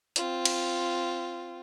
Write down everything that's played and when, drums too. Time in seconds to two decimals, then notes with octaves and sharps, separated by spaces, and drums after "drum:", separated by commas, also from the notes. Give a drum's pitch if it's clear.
0.16 C4 F4, drum: hi-hat
0.45 drum: cymbal